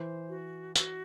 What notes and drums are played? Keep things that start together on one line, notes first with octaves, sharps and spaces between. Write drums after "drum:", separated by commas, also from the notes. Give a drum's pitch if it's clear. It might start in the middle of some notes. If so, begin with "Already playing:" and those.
Already playing: E3 C5
F#4
F#4, drum: tambourine